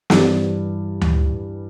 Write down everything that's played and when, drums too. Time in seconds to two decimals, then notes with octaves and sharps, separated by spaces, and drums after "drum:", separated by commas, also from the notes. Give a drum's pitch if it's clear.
0.10 G2 E3 G3 D4, drum: snare
1.01 drum: tom D2